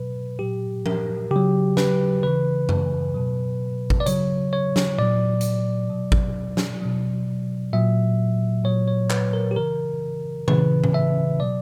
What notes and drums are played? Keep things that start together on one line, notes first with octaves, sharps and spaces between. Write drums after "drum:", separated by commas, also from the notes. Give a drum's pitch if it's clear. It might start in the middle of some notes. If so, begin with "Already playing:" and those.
Already playing: B2 F#3 B4
A#2 F#3 G4
A#4, drum: tom F3
C#3 F#3 G4
B4, drum: snare
C#3 E3 B4
drum: tom F#2
B2 F#3
drum: kick G#1
D5
C#3 F#3 C#5, drum: hi-hat
C#5
drum: snare
A#2 F#3 D5
drum: hi-hat
B2 F#3
drum: kick G#1
drum: snare
B2 F#3
A#2 F#3 E5
A#2 F#3 C#5
C#5
B4, drum: clap
A#4
G4
C#3 E3 A#4
C#3 E3 B4, drum: tom A#2
drum: tom A2
E5
B2 F#3 D5